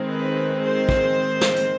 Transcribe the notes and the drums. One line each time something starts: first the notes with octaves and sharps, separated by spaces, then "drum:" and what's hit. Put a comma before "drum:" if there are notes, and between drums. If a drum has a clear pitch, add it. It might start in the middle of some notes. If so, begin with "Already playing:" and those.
Already playing: D#3 G#3 C4
B4
C5
drum: kick
drum: snare
drum: hi-hat